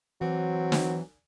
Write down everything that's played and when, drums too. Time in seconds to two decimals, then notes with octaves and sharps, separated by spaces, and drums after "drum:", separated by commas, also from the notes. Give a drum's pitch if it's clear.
0.21 E3 F#3 C4 F#4
0.72 drum: snare